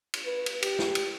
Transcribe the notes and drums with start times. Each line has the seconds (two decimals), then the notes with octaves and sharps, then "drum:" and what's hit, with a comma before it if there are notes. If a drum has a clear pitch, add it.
0.14 drum: cymbal
0.24 B4
0.46 drum: cymbal
0.63 G4, drum: cymbal
0.79 drum: snare
0.95 drum: cymbal